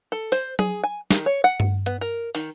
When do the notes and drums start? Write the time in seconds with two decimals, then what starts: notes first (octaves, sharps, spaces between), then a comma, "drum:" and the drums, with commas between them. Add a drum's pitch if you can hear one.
0.12 A4
0.32 C5, drum: open hi-hat
0.59 G#4, drum: tom F#3
0.84 G#5
1.11 D#3, drum: snare
1.26 C#5
1.44 F#5
1.60 drum: tom G2
1.86 B3, drum: hi-hat
2.01 A#4
2.35 D#3, drum: open hi-hat